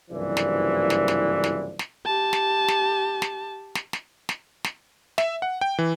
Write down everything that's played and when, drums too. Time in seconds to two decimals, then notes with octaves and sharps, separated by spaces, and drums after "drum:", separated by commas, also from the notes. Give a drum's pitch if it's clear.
0.11 F#1 C2 G2 E3 F3 D5
0.37 drum: snare
0.90 drum: snare
1.08 drum: snare
1.44 drum: snare
1.79 drum: snare
2.06 G4 A5
2.33 drum: snare
2.68 drum: snare
3.22 drum: snare
3.75 drum: snare
3.93 drum: snare
4.29 drum: snare
4.64 drum: snare
5.18 E5, drum: snare
5.42 F#5
5.61 G5
5.78 E3